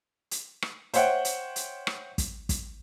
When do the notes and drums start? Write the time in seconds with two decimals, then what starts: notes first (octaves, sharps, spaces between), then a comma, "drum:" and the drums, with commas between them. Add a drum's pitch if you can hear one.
0.31 drum: hi-hat
0.62 drum: rim click
0.94 C5 C#5 E5 F#5 G5, drum: hi-hat
1.25 drum: hi-hat
1.56 drum: hi-hat
1.87 drum: rim click
2.18 drum: kick, hi-hat
2.49 drum: kick, hi-hat